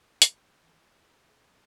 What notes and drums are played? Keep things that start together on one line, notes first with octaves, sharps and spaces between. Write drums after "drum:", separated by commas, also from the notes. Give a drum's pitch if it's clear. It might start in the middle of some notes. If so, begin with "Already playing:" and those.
G4, drum: hi-hat
D#3
C#4
G#3 D#4 E4
G#3
F2